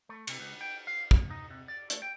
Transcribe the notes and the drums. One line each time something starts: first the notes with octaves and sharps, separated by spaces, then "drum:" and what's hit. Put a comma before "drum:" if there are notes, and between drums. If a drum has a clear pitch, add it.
A3
C3, drum: cymbal
C#2
G5
F5
F3, drum: kick
D#4
C3
D5
A3, drum: hi-hat
G5